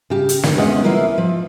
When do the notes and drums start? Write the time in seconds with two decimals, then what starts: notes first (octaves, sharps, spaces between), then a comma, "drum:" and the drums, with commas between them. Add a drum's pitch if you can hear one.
0.10 C#3 G4
0.29 drum: hi-hat
0.43 D3 D#3, drum: snare
0.57 E2 C3 G#3 C#4 D#5 F#5
0.84 A#3 E4 F4 B4 E5
1.18 F3